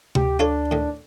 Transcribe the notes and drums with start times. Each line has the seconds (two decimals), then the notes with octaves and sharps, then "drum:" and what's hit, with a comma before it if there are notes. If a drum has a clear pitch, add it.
0.15 D2 G4, drum: tom C3
0.39 D4 F4 A4 C#5
0.71 A2 D#3